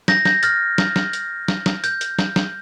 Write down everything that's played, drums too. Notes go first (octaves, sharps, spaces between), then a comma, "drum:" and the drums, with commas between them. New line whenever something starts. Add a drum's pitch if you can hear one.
G6 A#6, drum: snare
G6 A#6, drum: snare
F6 A6, drum: hi-hat
drum: snare
drum: snare
drum: hi-hat
drum: snare
drum: snare
G6, drum: hi-hat
drum: hi-hat
drum: snare
drum: snare